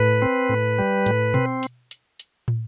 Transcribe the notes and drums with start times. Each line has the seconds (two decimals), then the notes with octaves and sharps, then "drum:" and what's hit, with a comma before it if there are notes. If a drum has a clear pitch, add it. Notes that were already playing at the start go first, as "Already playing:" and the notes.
Already playing: A2 B4
0.22 C4
0.49 A2
0.79 G3
1.06 A2, drum: hi-hat
1.34 C4, drum: tom B2
1.63 drum: hi-hat
1.91 drum: hi-hat
2.20 drum: hi-hat
2.48 drum: tom